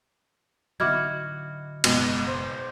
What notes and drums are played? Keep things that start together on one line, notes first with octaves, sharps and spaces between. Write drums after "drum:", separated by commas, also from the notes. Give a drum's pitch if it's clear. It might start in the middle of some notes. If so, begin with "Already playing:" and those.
D3 F#3 D#4 E4 F#4 D6 F6 G#6
F#1 G#2 B2 G#3, drum: cymbal
C5